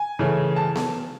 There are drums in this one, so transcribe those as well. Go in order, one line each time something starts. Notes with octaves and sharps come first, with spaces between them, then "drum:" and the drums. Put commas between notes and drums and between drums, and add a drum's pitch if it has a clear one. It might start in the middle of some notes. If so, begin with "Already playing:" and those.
Already playing: G#5
C#3 E3 A3 C#4
A5
drum: snare B3